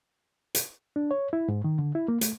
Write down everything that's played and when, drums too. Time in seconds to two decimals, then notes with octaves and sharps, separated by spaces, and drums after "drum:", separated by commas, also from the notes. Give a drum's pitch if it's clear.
0.55 drum: hi-hat
0.96 D4
1.11 C#5
1.33 E4
1.48 G#2
1.64 D#3
1.79 D3
1.95 E4
2.08 A#3
2.21 A3, drum: hi-hat